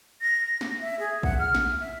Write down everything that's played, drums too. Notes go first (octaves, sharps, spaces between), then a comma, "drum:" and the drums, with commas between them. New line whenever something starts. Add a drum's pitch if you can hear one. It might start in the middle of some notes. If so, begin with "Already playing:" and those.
A#6
drum: snare
E5
G#4
F#5, drum: kick
F6
drum: snare
E5